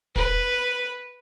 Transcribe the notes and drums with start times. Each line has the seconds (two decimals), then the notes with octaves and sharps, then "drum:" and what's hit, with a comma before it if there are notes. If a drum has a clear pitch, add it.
0.16 B4, drum: kick